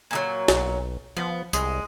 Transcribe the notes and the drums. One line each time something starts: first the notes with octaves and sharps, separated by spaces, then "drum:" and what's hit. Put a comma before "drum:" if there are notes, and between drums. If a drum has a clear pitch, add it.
A#2 D3 F#3
B1, drum: snare
F3 B3
C2 G#3, drum: tambourine